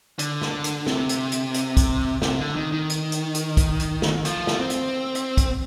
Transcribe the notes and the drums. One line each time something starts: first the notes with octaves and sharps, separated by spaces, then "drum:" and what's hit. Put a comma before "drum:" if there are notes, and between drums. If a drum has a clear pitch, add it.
D3, drum: hi-hat
drum: snare
drum: hi-hat
C3, drum: snare
drum: hi-hat
drum: hi-hat
drum: hi-hat
drum: kick, hi-hat
C3, drum: snare
D3
D#3
D#3
drum: hi-hat
drum: hi-hat
drum: hi-hat
drum: kick, hi-hat
drum: hi-hat
drum: snare
F3, drum: hi-hat
drum: snare
C4
drum: hi-hat
drum: hi-hat
drum: kick, hi-hat